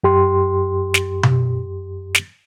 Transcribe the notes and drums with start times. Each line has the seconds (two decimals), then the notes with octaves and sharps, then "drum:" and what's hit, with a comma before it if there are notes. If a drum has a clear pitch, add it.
0.04 F#2 G4 C6
0.94 drum: snare
1.23 drum: tom B2
2.15 drum: snare